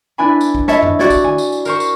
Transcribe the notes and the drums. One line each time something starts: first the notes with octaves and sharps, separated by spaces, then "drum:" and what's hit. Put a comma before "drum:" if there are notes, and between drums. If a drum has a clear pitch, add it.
D4 E4 B4 G#5 B5
drum: tambourine
drum: kick
C#5 D#5 E5 A5 B5, drum: snare
drum: tom F2
F#4 G4 D5 G#6, drum: snare
drum: kick, tambourine
G#5, drum: tom D3
drum: tambourine
drum: tambourine
A#4 C5 C#6, drum: tambourine
drum: tambourine